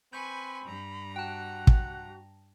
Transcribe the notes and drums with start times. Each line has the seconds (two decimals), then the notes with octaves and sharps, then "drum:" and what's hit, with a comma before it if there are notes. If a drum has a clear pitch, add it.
0.13 C4 B4 G#5 B5 C#6 G6
0.64 G2 A#5
1.16 F#4 F#5 G5 A5
1.67 drum: kick